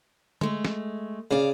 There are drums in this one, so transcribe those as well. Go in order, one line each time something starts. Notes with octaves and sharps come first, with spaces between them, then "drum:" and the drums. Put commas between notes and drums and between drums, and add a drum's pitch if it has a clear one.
G#3 A3, drum: tom D3
drum: snare
C#3 D5 F5